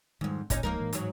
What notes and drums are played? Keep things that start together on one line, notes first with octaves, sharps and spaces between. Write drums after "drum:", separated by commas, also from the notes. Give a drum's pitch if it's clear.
F2 G#2 D#3 G3
D#1 A#1 A#2 C#4 D#4, drum: kick, hi-hat
D2 F3 G#3 A#3 D#4 A#4
A2 E3 G#3
G#2 F#3, drum: hi-hat